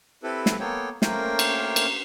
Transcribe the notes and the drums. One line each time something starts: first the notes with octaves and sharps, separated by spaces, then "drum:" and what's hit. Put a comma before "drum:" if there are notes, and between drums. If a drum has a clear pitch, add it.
C4 E4 G4 A4 B4
drum: snare
A#3 B3 A4 C#5 G5
A3 A#3 C#4 A#4 C5 G5, drum: snare
drum: cymbal
drum: cymbal